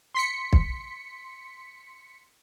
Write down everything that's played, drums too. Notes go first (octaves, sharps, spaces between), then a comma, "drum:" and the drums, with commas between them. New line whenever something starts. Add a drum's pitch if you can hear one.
C6 B6 C#7
drum: kick